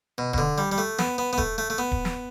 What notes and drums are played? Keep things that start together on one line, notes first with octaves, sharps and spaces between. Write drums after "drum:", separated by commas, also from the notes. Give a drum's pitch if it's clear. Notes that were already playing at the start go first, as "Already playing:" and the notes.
B2
B2, drum: kick D#1
D3
G3
G3
A3
B3, drum: snare
B3
B3
A3, drum: kick D#1
A3
A3
B3
drum: kick D#1
drum: snare